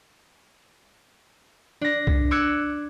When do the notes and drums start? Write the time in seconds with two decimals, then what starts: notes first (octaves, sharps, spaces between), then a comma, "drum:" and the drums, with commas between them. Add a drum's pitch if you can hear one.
1.81 D4 A#6
2.07 drum: kick C2
2.31 D6 E6 F#6 G#6 C#7